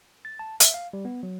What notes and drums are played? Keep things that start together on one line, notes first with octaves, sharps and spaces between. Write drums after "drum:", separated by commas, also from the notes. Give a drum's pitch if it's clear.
A6
A5
E5, drum: hi-hat
F5
G3
B3
F#3